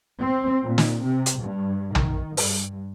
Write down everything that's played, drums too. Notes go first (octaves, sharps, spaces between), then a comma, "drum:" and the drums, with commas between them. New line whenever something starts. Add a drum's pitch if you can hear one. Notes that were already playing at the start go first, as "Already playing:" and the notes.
C4
A#2
drum: snare
C3
drum: hi-hat
G2
D#3, drum: tom
G2, drum: open hi-hat